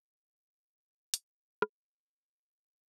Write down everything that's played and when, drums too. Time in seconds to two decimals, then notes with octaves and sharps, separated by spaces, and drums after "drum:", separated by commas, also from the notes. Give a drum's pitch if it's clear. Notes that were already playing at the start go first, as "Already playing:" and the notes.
1.14 drum: hi-hat
1.62 C4 C#5, drum: rim click